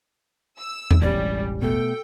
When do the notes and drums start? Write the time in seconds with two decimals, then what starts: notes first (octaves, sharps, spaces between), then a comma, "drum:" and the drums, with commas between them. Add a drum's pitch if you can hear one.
0.59 E6
0.91 drum: tom E2
1.02 E1 A1 G3 C#4 D5
1.62 B2 A3 A4 G5